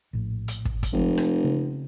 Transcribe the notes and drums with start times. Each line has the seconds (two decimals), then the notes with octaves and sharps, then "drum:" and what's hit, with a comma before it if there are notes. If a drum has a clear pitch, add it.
0.13 A#1 A2
0.48 drum: hi-hat
0.65 drum: kick
0.83 drum: kick, hi-hat
0.93 F1 F3 G#3
1.18 drum: rim click
1.44 C#3 A#3 C4